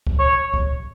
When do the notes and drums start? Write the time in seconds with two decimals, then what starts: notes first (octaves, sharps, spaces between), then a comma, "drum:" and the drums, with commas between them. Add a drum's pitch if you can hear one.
0.07 drum: kick C#2
0.19 C#5
0.54 drum: kick C#2